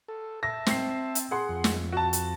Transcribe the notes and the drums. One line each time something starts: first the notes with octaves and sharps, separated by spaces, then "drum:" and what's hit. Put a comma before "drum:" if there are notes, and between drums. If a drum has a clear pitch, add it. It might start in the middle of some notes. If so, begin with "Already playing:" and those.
A4
E5 A5 A#6
C4 C7, drum: snare
drum: hi-hat
G#4 F#5 C6
F2
drum: snare
F#4 A5
drum: hi-hat